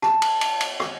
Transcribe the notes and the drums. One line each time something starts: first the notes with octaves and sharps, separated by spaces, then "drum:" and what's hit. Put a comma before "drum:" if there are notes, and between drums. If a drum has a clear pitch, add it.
A5, drum: rim click
drum: cymbal
drum: cymbal
drum: cymbal
drum: rim click